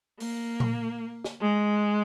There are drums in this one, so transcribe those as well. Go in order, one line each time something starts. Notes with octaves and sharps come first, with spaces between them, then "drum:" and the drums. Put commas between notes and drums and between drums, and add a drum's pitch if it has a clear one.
A#3, drum: open hi-hat
drum: tom A#2
drum: snare
G#3